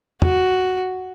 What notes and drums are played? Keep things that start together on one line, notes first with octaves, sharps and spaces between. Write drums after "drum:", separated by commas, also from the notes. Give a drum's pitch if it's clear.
F#4, drum: tom